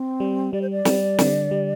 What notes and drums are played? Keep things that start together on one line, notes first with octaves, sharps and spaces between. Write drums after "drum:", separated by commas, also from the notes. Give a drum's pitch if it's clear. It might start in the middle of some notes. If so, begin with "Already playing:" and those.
Already playing: C4
G3
G3 D5
C5
D5
G3, drum: snare
D3, drum: snare
G3